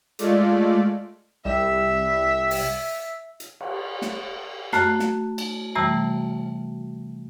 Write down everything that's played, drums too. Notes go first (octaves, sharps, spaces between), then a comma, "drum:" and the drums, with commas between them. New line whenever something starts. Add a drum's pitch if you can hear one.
G#3 A3 F4 D5, drum: hi-hat
C2 G3 E5 E7
drum: open hi-hat
drum: hi-hat
drum: cymbal
drum: snare
F#2 A3 F#4 F6 F#6, drum: snare
drum: snare
drum: cymbal
F#2 C3 E3 G3 A3 A#5